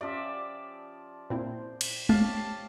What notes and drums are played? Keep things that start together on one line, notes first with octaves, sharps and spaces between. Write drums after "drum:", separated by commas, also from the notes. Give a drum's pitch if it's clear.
F3 C#4 G4 D5 E5
A#2 C4 E4 C5
drum: cymbal
G4 C#5 F5 A5, drum: tom G#3